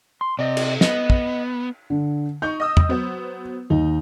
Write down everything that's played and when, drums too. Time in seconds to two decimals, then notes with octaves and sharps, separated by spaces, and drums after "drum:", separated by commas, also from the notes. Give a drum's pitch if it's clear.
0.21 C6
0.39 C3 D5 D#5
0.57 drum: cymbal
0.81 B3 D#5, drum: snare
1.10 drum: kick
1.90 D3
2.42 D#4 C#6 G6
2.60 D#5 D#6 E6
2.77 drum: tom
2.89 F#3 B3 C5
3.70 D#2 D#4